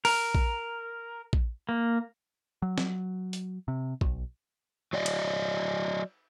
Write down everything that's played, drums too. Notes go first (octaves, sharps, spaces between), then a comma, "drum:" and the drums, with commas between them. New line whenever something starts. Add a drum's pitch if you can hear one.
A#4, drum: open hi-hat
drum: kick
drum: kick
A#3
F#3
drum: snare
drum: hi-hat
C3
B1, drum: kick
F#3 D5 D#5
drum: cymbal